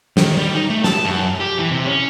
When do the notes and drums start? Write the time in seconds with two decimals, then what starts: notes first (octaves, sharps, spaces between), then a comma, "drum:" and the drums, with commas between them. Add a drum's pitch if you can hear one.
0.17 D#3, drum: snare
0.37 G3
0.55 D#4
0.70 A3
0.84 A5, drum: snare
1.05 F#2
1.40 G4
1.59 E3
1.71 C3
1.86 C#4